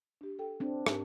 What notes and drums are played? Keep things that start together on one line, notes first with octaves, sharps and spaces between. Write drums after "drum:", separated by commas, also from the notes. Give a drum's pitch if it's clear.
D4 G4
A4 G5
C4 D4
G#2 G4 A#4, drum: rim click